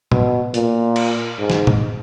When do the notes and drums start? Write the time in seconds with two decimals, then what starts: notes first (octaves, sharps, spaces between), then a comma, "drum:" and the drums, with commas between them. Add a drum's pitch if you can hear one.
0.12 B2, drum: tom
0.54 A#2, drum: hi-hat
0.96 drum: cymbal
1.39 G#2
1.50 drum: snare
1.67 drum: tom